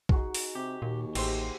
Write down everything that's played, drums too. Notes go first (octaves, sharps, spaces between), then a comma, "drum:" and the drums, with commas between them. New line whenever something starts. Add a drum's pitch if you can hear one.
D#4 F#4 G#4, drum: kick
drum: open hi-hat
C3 G4
D#2 A#2
A1 G4 G#4 C5 E5 C6, drum: cymbal